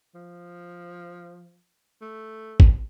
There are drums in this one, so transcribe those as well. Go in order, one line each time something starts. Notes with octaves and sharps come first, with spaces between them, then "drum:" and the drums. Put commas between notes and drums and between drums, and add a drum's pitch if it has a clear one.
F3
A3
drum: kick G#1